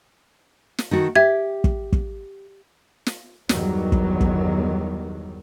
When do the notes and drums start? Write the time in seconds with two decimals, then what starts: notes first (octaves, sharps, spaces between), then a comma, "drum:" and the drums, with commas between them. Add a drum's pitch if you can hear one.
0.78 drum: snare
0.91 D#3 A3 F#4
1.15 G4 E5 G#6
1.64 drum: kick
1.92 drum: kick
3.06 drum: snare
3.49 G1 E2 D#3 F#3 G3, drum: snare
3.92 drum: kick
4.21 drum: kick